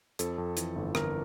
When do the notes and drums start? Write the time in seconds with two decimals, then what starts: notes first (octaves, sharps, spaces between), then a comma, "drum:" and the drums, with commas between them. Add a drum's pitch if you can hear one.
0.19 F2 A4, drum: hi-hat
0.38 F2
0.57 E3, drum: hi-hat
0.76 G1
0.95 G1 A#4, drum: rim click